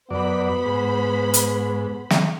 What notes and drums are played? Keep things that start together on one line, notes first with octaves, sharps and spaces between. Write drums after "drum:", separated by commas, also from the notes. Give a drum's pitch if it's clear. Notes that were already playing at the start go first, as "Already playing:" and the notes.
F#2 B3 C5 D5 B5
G#2
drum: hi-hat
drum: snare